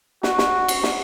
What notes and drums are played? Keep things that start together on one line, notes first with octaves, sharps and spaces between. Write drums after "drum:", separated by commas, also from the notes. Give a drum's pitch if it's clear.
F#4, drum: snare
drum: snare
drum: cymbal
drum: snare